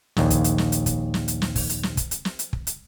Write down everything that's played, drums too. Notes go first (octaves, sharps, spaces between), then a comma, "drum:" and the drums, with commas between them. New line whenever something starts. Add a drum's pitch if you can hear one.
A#1 D#2, drum: snare
drum: kick, hi-hat
drum: hi-hat
drum: snare
drum: hi-hat
drum: kick, hi-hat
drum: snare
drum: hi-hat
drum: snare
drum: kick, open hi-hat
drum: hi-hat
drum: snare
drum: kick, hi-hat
drum: hi-hat
drum: snare
drum: hi-hat
drum: kick
drum: hi-hat